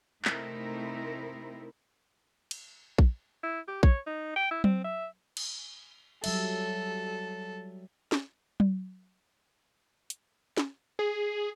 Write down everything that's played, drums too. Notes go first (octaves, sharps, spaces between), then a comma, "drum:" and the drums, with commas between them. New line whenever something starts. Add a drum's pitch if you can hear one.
C3 A3 C4 D#4 E4 A#4, drum: clap
drum: cymbal
drum: kick A#1
E4
G4
C#5, drum: kick A#1
D#4
G5
E4
C4, drum: tom F#3
E5
drum: cymbal
F#3 G3 A4 E5, drum: cymbal
drum: snare
drum: tom F#3
drum: hi-hat
drum: snare
G#4